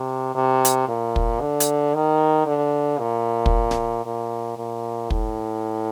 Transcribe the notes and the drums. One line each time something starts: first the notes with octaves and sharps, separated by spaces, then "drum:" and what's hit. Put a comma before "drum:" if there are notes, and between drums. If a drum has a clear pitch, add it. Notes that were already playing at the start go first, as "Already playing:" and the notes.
Already playing: C3
C3
drum: hi-hat
A#2
drum: kick
D3
drum: hi-hat
D#3
D3
A#2
drum: kick
drum: snare D1
A#2
A#2
A2, drum: kick